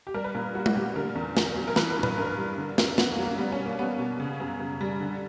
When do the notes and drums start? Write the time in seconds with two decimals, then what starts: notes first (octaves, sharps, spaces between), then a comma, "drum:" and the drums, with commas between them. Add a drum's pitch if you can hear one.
0.07 G4
0.14 G3 A#4
0.24 B4
0.35 A#2 A#4
0.55 G3 F#4
0.66 drum: tom G#3
0.75 A#2 G4
0.96 D3 A#4
1.15 E2
1.37 E2, drum: snare
1.56 F#3
1.68 A#4
1.76 E3 B4, drum: snare
1.90 A#4
1.97 G2
2.03 B4, drum: tom A#2
2.18 G2 A#4
2.37 G3
2.58 D3
2.78 F#2, drum: snare
2.98 F#2 B3, drum: snare
3.12 A#3
3.19 F#3
3.26 A#3
3.38 G3 B3
3.52 C#4
3.59 B2
3.66 A#3
3.79 G3 B3
3.99 B2
4.20 C#3
4.40 F#2
4.60 F#2
4.81 G3
5.00 D3